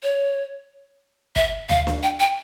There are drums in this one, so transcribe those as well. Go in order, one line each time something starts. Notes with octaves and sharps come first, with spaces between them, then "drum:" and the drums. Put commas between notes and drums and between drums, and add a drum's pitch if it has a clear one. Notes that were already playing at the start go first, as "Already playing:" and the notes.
C#5
E5, drum: kick
F5, drum: tom D2
drum: snare
G5
G5